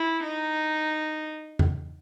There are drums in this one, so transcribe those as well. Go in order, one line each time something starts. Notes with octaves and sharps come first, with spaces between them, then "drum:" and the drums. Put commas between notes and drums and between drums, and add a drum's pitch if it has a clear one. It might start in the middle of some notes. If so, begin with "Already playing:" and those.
Already playing: E4
D#4
drum: tom E2